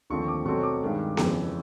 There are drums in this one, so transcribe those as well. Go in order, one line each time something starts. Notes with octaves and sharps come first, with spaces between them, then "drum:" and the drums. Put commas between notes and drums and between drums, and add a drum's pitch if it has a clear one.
D#2 D3 F3 A3 C4 C#6
D6
B2 F#3 A3 C4 C#6
D6
G2 D#3 G#3
F2 C#3 E3, drum: snare B3